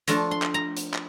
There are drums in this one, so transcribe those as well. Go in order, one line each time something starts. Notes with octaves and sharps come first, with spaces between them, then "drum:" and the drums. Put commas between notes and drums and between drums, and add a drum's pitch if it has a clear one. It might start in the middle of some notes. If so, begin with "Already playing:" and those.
F3 A3 D4 F4 A#5, drum: hi-hat
C6
drum: clap
A#5
drum: hi-hat
drum: clap